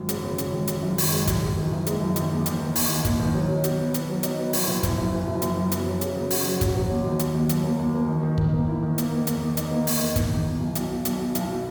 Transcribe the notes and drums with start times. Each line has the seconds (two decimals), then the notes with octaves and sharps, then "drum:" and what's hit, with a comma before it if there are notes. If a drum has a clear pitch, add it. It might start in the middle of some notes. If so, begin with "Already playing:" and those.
Already playing: G#1 F#2
0.09 C#3, drum: hi-hat
0.23 C#3
0.38 C#3, drum: hi-hat
0.53 G#1
0.67 C#3, drum: hi-hat
0.83 F#2
0.98 D#3, drum: open hi-hat
1.12 G#3
1.27 F#2, drum: kick, hi-hat
1.42 G#3
1.57 D#3
1.72 F#1
1.87 G#3, drum: hi-hat
2.01 F#2
2.16 D#3, drum: hi-hat
2.31 D#2
2.46 D#3, drum: hi-hat
2.61 D#3
2.76 D#2, drum: open hi-hat
2.91 D#2
3.05 D#3, drum: kick, hi-hat
3.19 D#3
3.34 F#3
3.49 F#3
3.64 B2, drum: hi-hat
3.79 B3
3.94 B3, drum: hi-hat
4.09 F#3
4.23 D#4, drum: hi-hat
4.38 B3
4.53 F#1, drum: open hi-hat
4.68 F#1
4.83 F#1, drum: kick, hi-hat
4.98 F#2
5.12 F#1
5.27 F#1
5.42 F#2, drum: hi-hat
5.57 F#2
5.72 B3, drum: hi-hat
5.87 F#3
6.01 C#3, drum: hi-hat
6.16 C#3
6.31 F#4, drum: open hi-hat
6.46 F#3
6.61 F#4, drum: kick, hi-hat
6.75 F#3
6.90 D#2
7.05 D#3
7.19 D#2, drum: hi-hat
7.35 D#2
7.49 F#3, drum: hi-hat
7.64 A#3
7.79 D#2
7.94 A#3
8.08 D#3
8.23 D#3
8.38 D#3, drum: kick
8.53 A#3
8.68 E4
8.83 D#3
8.98 A#3, drum: hi-hat
9.12 A#3
9.27 E2, drum: hi-hat
9.42 D#3
9.57 D#4, drum: hi-hat
9.71 A#3
9.87 D#4, drum: open hi-hat
10.01 E2
10.16 E2, drum: kick, hi-hat
10.31 D#3
10.45 B2
10.60 B1
10.75 B1, drum: hi-hat
10.91 B2
11.05 B1, drum: hi-hat
11.19 B2
11.35 B1, drum: hi-hat